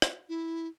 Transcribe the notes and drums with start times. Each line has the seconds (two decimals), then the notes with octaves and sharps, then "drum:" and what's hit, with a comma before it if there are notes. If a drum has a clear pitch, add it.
0.02 drum: rim click
0.29 E4